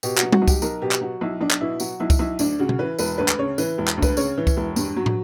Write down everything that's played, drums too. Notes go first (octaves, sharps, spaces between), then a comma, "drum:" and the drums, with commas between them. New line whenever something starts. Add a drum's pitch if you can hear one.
B2 G4, drum: tambourine
F#4, drum: clap
F#3
F#4, drum: tom G3
B1
G4, drum: kick C2, tambourine
B1 A#4, drum: tambourine
B2 G4
drum: clap
F#3 F#4
B1 E4
B1 D4
drum: clap
B2 E4
F#3 F#4, drum: tambourine
B1 E4
drum: kick C2, tambourine
B1 E4
D2 D4, drum: tambourine
C#3 F#4
drum: tom B2
E3 B4
E1 B4, drum: tambourine
D2 B4
drum: clap
C#3 C#5
E3 B4, drum: tambourine
E1
drum: clap
D2
B4, drum: kick C2, tambourine
C#3 C#5, drum: tambourine
E3
drum: kick C2, tambourine
E1
G2, drum: tambourine
F#3
drum: tom